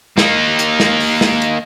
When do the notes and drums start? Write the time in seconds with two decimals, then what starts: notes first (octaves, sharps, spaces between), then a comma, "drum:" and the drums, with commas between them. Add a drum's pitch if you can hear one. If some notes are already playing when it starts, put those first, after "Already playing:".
0.18 A#3 D#4, drum: snare
0.59 drum: hi-hat
0.80 drum: snare
1.00 drum: open hi-hat
1.21 drum: snare
1.42 drum: hi-hat